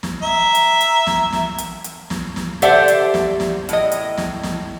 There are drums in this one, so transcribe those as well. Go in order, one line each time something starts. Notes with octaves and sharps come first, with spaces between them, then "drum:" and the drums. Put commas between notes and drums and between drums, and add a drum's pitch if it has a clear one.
drum: snare
E5 A#5
drum: hi-hat
drum: hi-hat
drum: snare
drum: snare
drum: hi-hat
drum: hi-hat
drum: snare
drum: snare
G4 A4 C5 D5 E5 F#5, drum: hi-hat
drum: hi-hat
drum: snare
drum: snare
A2 D#5, drum: hi-hat
drum: hi-hat
drum: snare
drum: snare